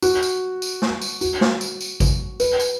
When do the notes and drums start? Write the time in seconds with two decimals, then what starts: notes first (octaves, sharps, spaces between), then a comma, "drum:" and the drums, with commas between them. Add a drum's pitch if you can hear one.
0.02 F#4, drum: tambourine
0.23 drum: tambourine
0.62 drum: tambourine
0.82 drum: snare
1.02 drum: tambourine
1.21 F#4, drum: tambourine
1.41 drum: snare
1.61 drum: tambourine
1.81 drum: tambourine
2.00 drum: kick G#1, tambourine
2.40 B4, drum: tambourine
2.60 drum: tambourine